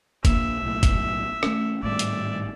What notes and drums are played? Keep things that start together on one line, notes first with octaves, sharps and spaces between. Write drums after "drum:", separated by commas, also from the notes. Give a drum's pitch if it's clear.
A#1 A#3 E5, drum: kick F#1, hi-hat
B1 A2
drum: kick F#1, hi-hat
A3 C#4, drum: rim click
G#1 A2 G3 D5 E5
drum: hi-hat